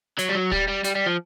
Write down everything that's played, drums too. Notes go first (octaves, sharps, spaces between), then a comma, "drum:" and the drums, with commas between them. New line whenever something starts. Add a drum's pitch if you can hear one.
F#3, drum: hi-hat
G3
F#3
G3, drum: kick
G3
G3, drum: hi-hat
G3
F3